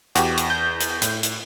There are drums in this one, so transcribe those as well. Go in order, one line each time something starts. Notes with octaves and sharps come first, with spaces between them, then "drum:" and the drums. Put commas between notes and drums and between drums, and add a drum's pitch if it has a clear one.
E2 F#4 G4, drum: hi-hat
drum: hi-hat
G6
drum: hi-hat
A2, drum: hi-hat
drum: hi-hat